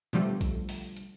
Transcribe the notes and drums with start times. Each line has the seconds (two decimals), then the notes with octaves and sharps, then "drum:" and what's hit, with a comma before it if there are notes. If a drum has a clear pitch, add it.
0.13 B2 D3 F3 G3 A3, drum: hi-hat
0.41 drum: kick A#1, hi-hat
0.69 drum: open hi-hat
0.97 drum: hi-hat